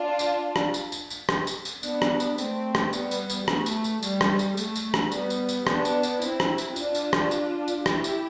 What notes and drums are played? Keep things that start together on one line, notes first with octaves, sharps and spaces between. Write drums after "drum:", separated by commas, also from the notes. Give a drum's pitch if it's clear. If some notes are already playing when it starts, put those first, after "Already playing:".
Already playing: D4 F4
drum: tambourine
drum: rim click
drum: tambourine
drum: tambourine
drum: tambourine
drum: rim click
drum: tambourine
drum: tambourine
B3 D4, drum: tambourine
drum: rim click
drum: tambourine
A3 C4, drum: tambourine
drum: rim click
G3 B3, drum: tambourine
drum: tambourine
drum: tambourine
A3, drum: rim click
drum: tambourine
drum: tambourine
G3, drum: tambourine
drum: rim click
drum: tambourine
A3, drum: tambourine
drum: tambourine
drum: rim click
G3 B3, drum: tambourine
drum: tambourine
drum: tambourine
B3 D4, drum: rim click
drum: tambourine
drum: tambourine
C4 E4, drum: tambourine
drum: rim click
drum: tambourine
D4 F4, drum: tambourine
drum: tambourine
drum: rim click
drum: tambourine
drum: tambourine
E4 G4, drum: rim click
drum: tambourine